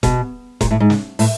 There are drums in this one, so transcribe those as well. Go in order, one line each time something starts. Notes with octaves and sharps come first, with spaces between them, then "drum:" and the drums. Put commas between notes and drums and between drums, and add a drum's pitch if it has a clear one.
B2, drum: kick E1, hi-hat
A#2, drum: kick E1, hi-hat
A2
G#2
drum: snare
A2, drum: open hi-hat